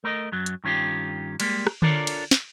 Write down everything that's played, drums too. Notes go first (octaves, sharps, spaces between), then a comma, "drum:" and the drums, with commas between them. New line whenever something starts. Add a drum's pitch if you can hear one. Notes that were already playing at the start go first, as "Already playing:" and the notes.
A3 A#4 C#5 D#5
F#2 F#3
drum: hi-hat
G2 D#3 C#4 F4 G4
G3 G#3 A#3, drum: cymbal
drum: rim click
D4 F4 A4 A#4 C#5 D5, drum: tom D3
drum: cymbal
drum: snare